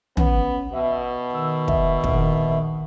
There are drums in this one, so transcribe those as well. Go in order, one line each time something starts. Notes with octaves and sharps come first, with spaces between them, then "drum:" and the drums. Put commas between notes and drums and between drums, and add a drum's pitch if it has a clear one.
B3 C#4, drum: tom
B2 E5
D#3 E6
E5, drum: kick
A#1 D#3, drum: kick